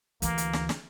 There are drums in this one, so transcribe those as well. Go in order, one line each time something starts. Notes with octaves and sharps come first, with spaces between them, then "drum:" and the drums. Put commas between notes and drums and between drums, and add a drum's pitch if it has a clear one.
D2 E3 A#3, drum: hi-hat
drum: hi-hat
drum: snare
drum: snare